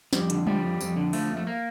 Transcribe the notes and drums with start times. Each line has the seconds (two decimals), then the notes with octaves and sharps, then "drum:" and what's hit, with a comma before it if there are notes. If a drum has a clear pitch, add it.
0.13 F2 G3, drum: snare
0.30 D3, drum: hi-hat
0.47 F3 G3, drum: tom G3
0.64 F2
0.81 F2, drum: tambourine
0.96 D3
1.13 F3 A3, drum: open hi-hat
1.30 F2
1.37 A3
1.47 A#3